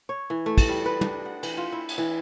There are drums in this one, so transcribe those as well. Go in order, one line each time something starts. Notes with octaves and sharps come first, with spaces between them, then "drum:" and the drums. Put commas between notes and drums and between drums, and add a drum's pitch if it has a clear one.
C#5
E3
A3
drum: kick, cymbal
G3
B4
D4, drum: tom
F#5
E3, drum: cymbal
F4
E4
drum: cymbal
E3